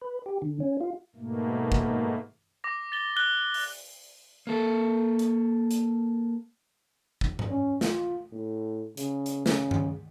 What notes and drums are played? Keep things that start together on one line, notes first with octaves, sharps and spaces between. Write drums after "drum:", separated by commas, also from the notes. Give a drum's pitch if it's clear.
B4
G4
D3
C#4
F4
G#2 B2 A3 A#3
drum: kick
D6 A#6
A6 G7
F#6 G7
drum: open hi-hat
A#3 A4
drum: hi-hat
drum: hi-hat
drum: kick
drum: tom G#2
C#4
F4, drum: snare
A2
C#3, drum: hi-hat
drum: hi-hat
C#3, drum: snare
drum: tom G2